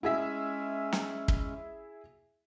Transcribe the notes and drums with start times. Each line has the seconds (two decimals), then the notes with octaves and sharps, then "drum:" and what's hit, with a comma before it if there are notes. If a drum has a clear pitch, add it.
0.03 G#3 C#4 E4 G#4 E5
0.93 drum: snare
1.28 drum: kick